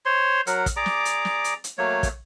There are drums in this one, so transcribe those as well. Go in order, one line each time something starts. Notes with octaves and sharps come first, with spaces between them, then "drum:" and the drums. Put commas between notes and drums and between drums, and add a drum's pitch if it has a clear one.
C5 C#5 C6
F#3 A#4 F#5, drum: hi-hat
drum: kick, hi-hat
G#4 D5 A#5 D6
drum: snare
drum: hi-hat
drum: snare
drum: hi-hat
drum: hi-hat
F#3 A3 A#3 C#5
drum: kick, hi-hat